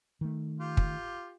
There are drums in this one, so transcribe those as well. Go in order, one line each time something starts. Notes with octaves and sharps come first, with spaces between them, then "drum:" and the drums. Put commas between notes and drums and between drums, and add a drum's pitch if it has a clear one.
D#3 A3
F4 G4
drum: kick